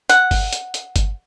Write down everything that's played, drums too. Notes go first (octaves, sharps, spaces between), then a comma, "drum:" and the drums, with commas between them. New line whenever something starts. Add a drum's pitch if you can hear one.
F#5, drum: hi-hat
drum: kick G1, open hi-hat
drum: hi-hat
drum: hi-hat
drum: kick G1, hi-hat